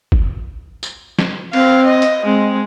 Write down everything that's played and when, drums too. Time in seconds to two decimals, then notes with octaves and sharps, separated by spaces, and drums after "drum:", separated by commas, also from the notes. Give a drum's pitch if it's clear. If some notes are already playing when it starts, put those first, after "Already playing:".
0.12 drum: kick G1
0.83 drum: tambourine
1.19 drum: snare
1.53 C4 F5, drum: cymbal
1.86 D#5
2.02 drum: hi-hat
2.25 G#3 C4